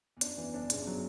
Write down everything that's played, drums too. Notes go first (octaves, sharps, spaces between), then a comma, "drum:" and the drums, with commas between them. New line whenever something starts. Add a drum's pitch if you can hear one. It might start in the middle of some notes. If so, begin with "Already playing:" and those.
E2
F#2 D4, drum: hi-hat
E2 E3
G1 G2 D4
G1 G2 C#3, drum: hi-hat
F#3